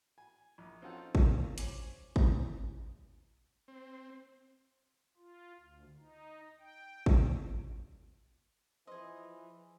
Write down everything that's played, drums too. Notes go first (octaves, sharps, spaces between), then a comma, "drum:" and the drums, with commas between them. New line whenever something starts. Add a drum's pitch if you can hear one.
G#5
A#1
C4 C#4 D#4 F4 A4 F#5
F4 A#4, drum: kick
C5 C#5 G#5 D6, drum: hi-hat
A#5, drum: kick
C4
F4
D2
D#4
G5
drum: kick
E3 F3 G#4 C5 D#5 C6